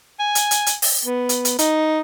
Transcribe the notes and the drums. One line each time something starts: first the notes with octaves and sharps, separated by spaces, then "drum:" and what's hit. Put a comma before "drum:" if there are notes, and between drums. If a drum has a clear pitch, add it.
G#5
drum: hi-hat
drum: hi-hat
drum: hi-hat
drum: open hi-hat
B3
drum: hi-hat
drum: hi-hat
D#4, drum: hi-hat